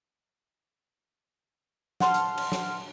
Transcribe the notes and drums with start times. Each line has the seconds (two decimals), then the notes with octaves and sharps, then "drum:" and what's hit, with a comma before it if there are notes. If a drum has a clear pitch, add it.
2.00 F#5 A5 C6 F6, drum: snare
2.14 drum: hi-hat
2.37 drum: cymbal
2.52 drum: snare